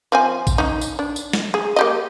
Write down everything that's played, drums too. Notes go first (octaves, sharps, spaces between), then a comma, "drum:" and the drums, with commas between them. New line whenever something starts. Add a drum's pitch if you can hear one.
F3 C4 G#5
drum: kick A1, tambourine
C#4 D#4
drum: tambourine
D4
drum: tambourine
drum: snare
G#4
A#3 G4 D#5